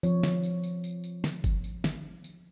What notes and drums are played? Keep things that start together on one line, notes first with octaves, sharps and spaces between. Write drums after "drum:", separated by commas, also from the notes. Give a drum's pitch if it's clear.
F3 C4 C#5, drum: tambourine
drum: snare
drum: tambourine
drum: tambourine
drum: tambourine
drum: tambourine
drum: snare
drum: kick G1, tambourine
drum: tambourine
drum: snare
drum: tambourine